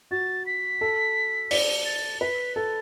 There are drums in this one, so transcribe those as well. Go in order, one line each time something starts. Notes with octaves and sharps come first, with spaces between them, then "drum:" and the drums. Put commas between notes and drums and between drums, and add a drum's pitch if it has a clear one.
F#4 A6
B6
A4
D5, drum: open hi-hat
A6
B4 B6
A4 A6